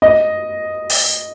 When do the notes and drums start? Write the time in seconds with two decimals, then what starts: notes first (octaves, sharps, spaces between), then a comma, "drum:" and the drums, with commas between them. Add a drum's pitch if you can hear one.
0.02 D#5
0.90 drum: open hi-hat